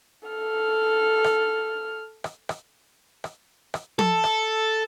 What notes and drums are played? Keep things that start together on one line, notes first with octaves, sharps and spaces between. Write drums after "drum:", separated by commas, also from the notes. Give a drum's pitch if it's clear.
A4 F6
drum: rim click
drum: rim click
drum: rim click
drum: rim click
drum: rim click
A4, drum: tom
drum: rim click